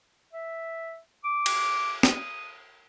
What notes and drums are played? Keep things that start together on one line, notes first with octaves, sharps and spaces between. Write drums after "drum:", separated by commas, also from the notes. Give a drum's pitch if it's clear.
E5
D6
drum: cymbal
D#6, drum: snare